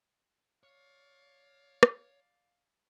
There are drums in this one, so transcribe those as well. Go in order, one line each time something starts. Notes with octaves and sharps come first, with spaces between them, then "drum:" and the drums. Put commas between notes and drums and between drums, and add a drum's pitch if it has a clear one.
C#5 D5 F5
drum: rim click